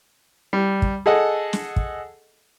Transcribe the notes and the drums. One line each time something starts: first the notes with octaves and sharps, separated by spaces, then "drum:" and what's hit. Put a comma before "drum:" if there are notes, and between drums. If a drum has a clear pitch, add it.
G3
drum: kick
G#4 A4 D#5 F#5
drum: snare
drum: kick